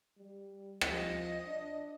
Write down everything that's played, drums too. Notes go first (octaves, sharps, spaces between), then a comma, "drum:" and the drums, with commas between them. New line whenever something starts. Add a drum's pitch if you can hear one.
G3
F3 D#5, drum: rim click
D4